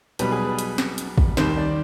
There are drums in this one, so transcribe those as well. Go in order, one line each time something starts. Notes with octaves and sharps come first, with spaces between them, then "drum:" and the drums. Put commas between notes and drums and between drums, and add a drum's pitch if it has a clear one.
B1 B2 G3 B4, drum: hi-hat
G#4
B4
drum: hi-hat
drum: snare
drum: hi-hat
drum: kick
D#2 D#3 G3 C5, drum: snare
D5